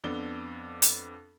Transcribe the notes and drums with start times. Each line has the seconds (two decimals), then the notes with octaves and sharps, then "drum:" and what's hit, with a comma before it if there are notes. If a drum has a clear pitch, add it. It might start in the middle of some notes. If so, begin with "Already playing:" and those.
0.04 F2 B3 D4 G7
0.82 drum: hi-hat